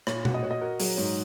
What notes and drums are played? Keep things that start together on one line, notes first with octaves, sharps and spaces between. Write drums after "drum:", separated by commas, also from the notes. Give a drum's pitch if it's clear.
A#2 C#5, drum: rim click
F#4, drum: tom B2
D#5
F#4 C#5
D#5
F#4 A#4
F#3 G#4, drum: open hi-hat
G#2 C#5